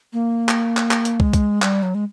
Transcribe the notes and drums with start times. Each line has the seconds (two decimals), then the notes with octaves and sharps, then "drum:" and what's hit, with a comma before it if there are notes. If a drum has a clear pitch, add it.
0.13 A#3
0.49 drum: clap
0.77 drum: clap
0.91 drum: clap
1.05 drum: hi-hat
1.20 G#3, drum: kick
1.33 drum: kick, hi-hat
1.62 G3, drum: clap
1.83 F#3
1.95 G#3